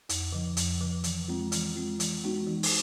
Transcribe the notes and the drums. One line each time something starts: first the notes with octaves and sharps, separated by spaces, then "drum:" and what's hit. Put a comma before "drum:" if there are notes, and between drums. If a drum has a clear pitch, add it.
F2, drum: hi-hat
C#3 F3
F2, drum: hi-hat
C#3 F3
E3, drum: hi-hat
G#3 C4 F4
E3, drum: hi-hat
G#3 C4 F4
E3, drum: hi-hat
G#3 B3 D#4 F#4
E3
drum: open hi-hat